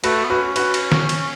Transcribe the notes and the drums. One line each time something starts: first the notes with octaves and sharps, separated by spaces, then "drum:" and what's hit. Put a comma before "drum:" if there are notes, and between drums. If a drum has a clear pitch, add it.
A3 F#4 B4, drum: cymbal
B3
C#4 F#4 B4
F#4 B4, drum: cymbal
drum: cymbal
drum: snare
drum: cymbal